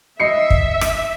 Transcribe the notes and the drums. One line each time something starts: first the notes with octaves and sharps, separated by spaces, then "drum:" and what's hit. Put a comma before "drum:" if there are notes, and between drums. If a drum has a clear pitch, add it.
D#5 E5 C7 C#7
drum: kick
drum: rim click